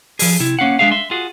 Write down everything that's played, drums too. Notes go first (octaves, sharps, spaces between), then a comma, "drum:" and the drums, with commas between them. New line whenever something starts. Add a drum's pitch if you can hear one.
F3 G#4, drum: open hi-hat
C3 E4
A#3 C#4 F5 F#5
G#3 D4 G#4 E5 F5
E5 C6
F4 F#4 G#4